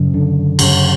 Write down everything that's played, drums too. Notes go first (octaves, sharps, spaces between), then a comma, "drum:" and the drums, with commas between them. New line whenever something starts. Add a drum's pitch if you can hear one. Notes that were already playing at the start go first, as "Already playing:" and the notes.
Already playing: F#2 C#3
D3
F#2 C#3, drum: cymbal